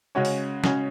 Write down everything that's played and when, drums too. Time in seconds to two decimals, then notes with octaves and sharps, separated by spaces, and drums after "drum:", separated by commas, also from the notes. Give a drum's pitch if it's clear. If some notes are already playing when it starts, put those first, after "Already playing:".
0.15 C#3 G#3 C#4 F#4 C#5
0.25 drum: open hi-hat
0.64 C#3 G#3 C#4 F#4 C#5, drum: snare